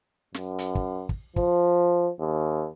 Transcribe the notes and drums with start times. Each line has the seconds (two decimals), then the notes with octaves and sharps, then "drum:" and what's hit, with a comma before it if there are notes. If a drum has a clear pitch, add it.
0.34 F#2, drum: snare
0.59 drum: hi-hat
0.75 drum: kick
1.09 drum: kick
1.36 F3, drum: kick
2.20 D#2